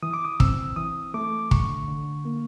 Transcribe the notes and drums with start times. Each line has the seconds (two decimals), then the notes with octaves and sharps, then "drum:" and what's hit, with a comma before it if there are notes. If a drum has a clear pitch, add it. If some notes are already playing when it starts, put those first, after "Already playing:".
0.03 E3 D#6
0.14 D6
0.25 D#6
0.40 C4 E6, drum: kick
0.76 E3 D#6
1.14 A3 D6
1.51 D3 C#6, drum: kick
1.88 D3
2.25 A#3